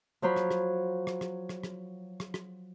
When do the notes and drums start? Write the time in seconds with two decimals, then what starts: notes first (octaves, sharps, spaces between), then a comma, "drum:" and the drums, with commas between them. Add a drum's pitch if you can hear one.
0.22 F3 F#3 C5 B5
0.36 drum: rim click
0.51 drum: rim click
1.07 drum: rim click
1.21 drum: rim click
1.49 drum: rim click
1.64 drum: rim click
2.20 drum: rim click
2.34 drum: rim click